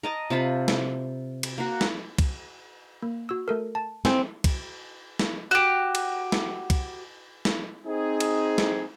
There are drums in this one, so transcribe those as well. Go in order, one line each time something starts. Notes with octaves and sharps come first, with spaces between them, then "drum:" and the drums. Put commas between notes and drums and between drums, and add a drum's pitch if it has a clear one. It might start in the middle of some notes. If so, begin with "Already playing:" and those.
A#4 D#5 A5
C3 F4 A5 B5
drum: snare
drum: cymbal
A#3 F#4
drum: snare
drum: kick, cymbal
A#3
F#4 E6
A3 A4 A#4
A5
C4 C5 G#5, drum: snare
drum: kick, cymbal
drum: snare
F#4 G4
drum: cymbal
drum: snare
drum: kick, cymbal
drum: snare
C4 D#4 G#4
drum: cymbal
drum: snare